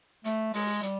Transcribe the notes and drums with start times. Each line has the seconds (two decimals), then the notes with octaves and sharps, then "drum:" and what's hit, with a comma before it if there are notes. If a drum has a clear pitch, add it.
0.24 A3, drum: hi-hat
0.54 G#3, drum: open hi-hat
0.82 G3, drum: hi-hat